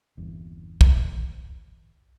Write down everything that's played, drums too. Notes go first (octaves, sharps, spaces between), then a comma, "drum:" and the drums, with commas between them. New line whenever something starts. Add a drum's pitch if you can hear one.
G1 E2
drum: kick